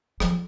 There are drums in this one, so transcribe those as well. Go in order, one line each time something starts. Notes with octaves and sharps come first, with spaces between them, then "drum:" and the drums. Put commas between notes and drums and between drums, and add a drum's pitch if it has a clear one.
F3, drum: rim click